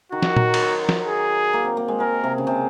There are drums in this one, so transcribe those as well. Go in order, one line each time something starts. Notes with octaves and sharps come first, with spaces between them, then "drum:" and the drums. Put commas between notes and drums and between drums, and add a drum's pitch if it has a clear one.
D#3 F#4
drum: snare
F#3, drum: tom A#2
drum: cymbal
drum: snare
G#4
A#3
C4
A#3
G#3
G#3 A#4
C3
C#3
C3